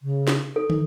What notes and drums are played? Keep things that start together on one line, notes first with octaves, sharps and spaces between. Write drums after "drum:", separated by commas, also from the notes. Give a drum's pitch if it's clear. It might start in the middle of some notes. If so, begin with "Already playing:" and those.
C#3
drum: snare
D#4 A4
D#4, drum: tom